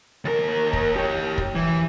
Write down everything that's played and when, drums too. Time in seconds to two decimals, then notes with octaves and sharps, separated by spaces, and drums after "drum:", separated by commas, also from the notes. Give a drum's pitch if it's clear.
0.25 D#2 A#4
0.73 drum: kick
0.96 G4 C#5
1.38 drum: kick
1.55 E3